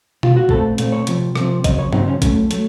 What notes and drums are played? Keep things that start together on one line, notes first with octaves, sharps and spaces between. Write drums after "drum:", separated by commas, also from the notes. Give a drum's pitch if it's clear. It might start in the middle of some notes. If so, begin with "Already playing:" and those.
F4, drum: tom B2
F#4
A#2 A3 C4 A4, drum: kick A#1
A#2 A3 C4, drum: hi-hat
C#5
C3 F3 C4, drum: hi-hat
C3 F3 C4, drum: rim click
C#3 F#3 C4 D#5, drum: kick A#1, hi-hat
C#5
C#3 F#3 C4 D#4, drum: tom G2
C#4
A2 F#3 A3 C#4, drum: kick A#1, hi-hat
F#3 A3, drum: hi-hat